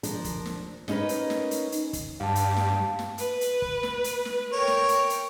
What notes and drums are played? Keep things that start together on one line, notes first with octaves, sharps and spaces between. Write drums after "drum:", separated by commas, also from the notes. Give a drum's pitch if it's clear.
F3 D4 A#4, drum: hi-hat
drum: kick, hi-hat
drum: snare
C#4 D#4 E4 A#4 B4, drum: snare
drum: hi-hat
drum: snare
drum: hi-hat
drum: hi-hat
drum: kick, hi-hat
G2 F5 A5
drum: hi-hat
drum: snare
drum: snare
B4, drum: hi-hat
drum: hi-hat
drum: kick
drum: snare
drum: hi-hat
drum: snare
A#4 C#5 G5
drum: snare
drum: hi-hat
drum: hi-hat